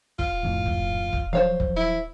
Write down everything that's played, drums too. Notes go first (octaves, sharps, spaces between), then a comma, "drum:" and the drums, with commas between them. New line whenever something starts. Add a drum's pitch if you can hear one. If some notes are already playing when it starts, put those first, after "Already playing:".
F4, drum: kick
G#1 F2 A2
drum: kick
drum: kick
F3 F#3 C5 C#5 F5
drum: kick
E4